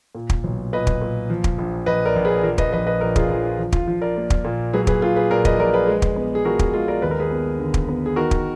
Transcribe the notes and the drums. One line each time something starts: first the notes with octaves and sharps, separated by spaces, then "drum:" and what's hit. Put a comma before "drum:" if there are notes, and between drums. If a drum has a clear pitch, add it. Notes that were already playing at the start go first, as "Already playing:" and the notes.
A#2
drum: kick
B1
A#2 B4 D#5
drum: kick
A#2
F3
drum: kick
A#1
A#1 B4 D#5
A#4 D5
A#1
G#4 B4
F3 A#4 D5
B4 D#5, drum: kick
A#1 B4 D#5
B4 D#5
A#1 A#4 D5
F4 G#4, drum: kick
A#1 F4
F4
F3
F4, drum: kick
F3 F4
A#4 D5
A#3
drum: kick
A#2
F#3 G#4 B4
G#4 B4, drum: kick
A#2 F4
G#4 B4
A#2 A#4 D5
B4 D#5, drum: kick
A#1 A#4 D5
G#4 B4
G#3
drum: kick
B3
G#4
F3 F#4 A#4
drum: kick
G#3 F4
A#4 D5
D#2 B4
A#4
G#4 B4
B3
D3
drum: kick
B3
G#4
D#3 F#4 A#4
drum: kick